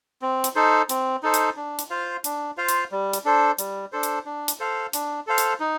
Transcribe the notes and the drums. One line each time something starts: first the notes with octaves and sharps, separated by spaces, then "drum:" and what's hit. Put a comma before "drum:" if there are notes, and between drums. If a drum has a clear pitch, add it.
C4
drum: hi-hat
D#4 A4 C5
C4, drum: hi-hat
D#4 A4 C5
drum: hi-hat
D4
drum: hi-hat
F4 C5 F5
D4, drum: hi-hat
F4 C5 F5
drum: hi-hat
G3
drum: hi-hat
D4 A4 C5
G3, drum: hi-hat
D4 A4 C5
drum: hi-hat
D4
drum: hi-hat
A4 C5 F5
D4, drum: hi-hat
A4 C5 F5
drum: hi-hat
D#4